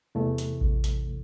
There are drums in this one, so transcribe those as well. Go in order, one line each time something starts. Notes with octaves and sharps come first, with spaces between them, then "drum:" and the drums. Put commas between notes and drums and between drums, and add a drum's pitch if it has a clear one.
E2 C3 E3 A3
drum: hi-hat
drum: kick A1
drum: hi-hat